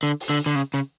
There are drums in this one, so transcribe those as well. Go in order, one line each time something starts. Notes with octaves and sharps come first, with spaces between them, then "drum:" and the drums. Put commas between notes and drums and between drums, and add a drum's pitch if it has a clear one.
D3, drum: hi-hat
drum: open hi-hat
D3
D3
C#3, drum: hi-hat
C#3, drum: hi-hat